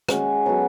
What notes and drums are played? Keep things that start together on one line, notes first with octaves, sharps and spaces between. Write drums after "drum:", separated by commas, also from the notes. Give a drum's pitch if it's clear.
G#3 C#4 F#4, drum: rim click
F#3 B3 F#4 A4